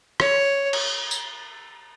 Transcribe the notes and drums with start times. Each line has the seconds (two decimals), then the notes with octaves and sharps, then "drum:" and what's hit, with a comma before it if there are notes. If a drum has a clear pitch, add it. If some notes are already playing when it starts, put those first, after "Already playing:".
0.20 C#5, drum: rim click
0.73 drum: cymbal
1.11 drum: tambourine